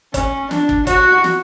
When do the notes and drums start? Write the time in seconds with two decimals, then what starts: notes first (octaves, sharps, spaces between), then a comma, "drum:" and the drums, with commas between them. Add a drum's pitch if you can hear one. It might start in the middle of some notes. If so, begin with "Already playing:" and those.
0.14 C#4, drum: kick, hi-hat
0.51 D4, drum: snare
0.69 drum: kick
0.87 F#4, drum: kick, hi-hat
1.24 drum: snare